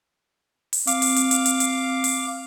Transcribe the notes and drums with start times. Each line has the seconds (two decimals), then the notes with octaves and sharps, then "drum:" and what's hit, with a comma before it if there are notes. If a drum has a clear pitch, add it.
0.73 drum: open hi-hat
0.87 C4 F5 D6, drum: hi-hat
1.02 drum: open hi-hat
1.16 drum: hi-hat
1.31 drum: hi-hat
1.46 drum: hi-hat
1.60 drum: hi-hat
2.04 drum: open hi-hat